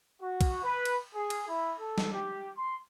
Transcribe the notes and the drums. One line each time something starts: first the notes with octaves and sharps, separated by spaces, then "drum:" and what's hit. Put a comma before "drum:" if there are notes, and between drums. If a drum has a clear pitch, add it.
F#4
drum: kick, cymbal
B4
drum: cymbal
G#4
drum: cymbal
E4
A4
drum: snare
G4
C6